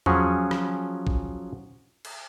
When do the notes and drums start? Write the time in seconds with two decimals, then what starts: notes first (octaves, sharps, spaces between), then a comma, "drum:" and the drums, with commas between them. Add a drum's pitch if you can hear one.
0.06 F3 F#3 C#4 G#4, drum: tom E2
0.51 drum: rim click
1.07 drum: kick A1
2.05 drum: cymbal